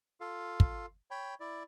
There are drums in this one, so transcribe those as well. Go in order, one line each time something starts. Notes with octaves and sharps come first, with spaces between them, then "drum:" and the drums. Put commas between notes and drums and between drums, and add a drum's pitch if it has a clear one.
F4 A4 F5
drum: kick
C#5 G5 B5
E4 D5